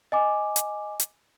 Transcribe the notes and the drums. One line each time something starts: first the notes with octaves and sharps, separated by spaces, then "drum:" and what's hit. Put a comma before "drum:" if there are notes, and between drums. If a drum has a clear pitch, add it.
D#5 G#5 D6
drum: hi-hat
drum: hi-hat